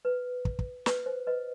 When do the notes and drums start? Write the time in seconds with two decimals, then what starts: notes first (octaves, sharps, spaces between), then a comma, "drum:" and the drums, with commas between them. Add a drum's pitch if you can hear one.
0.05 B4
0.45 drum: kick
0.59 drum: kick
0.86 B4, drum: snare
1.06 C5
1.27 B4 D#5